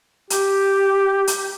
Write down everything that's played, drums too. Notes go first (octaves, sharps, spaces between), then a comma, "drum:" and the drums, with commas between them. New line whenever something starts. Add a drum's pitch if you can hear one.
G4, drum: hi-hat
drum: hi-hat